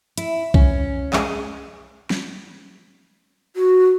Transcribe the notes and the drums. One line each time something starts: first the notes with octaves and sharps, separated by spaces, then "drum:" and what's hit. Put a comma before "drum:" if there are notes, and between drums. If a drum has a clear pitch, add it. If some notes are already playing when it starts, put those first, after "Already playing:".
E4, drum: hi-hat
C#4, drum: kick B1
G#3, drum: clap
drum: snare
F#4